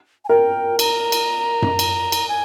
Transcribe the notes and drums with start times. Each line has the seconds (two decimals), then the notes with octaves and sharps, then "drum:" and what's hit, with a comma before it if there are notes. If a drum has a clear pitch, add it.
0.25 G#5
0.29 A#4 G5
0.79 A#5, drum: cymbal
1.12 drum: cymbal
1.62 drum: tom F#2
1.79 drum: cymbal
2.12 drum: cymbal
2.29 G#5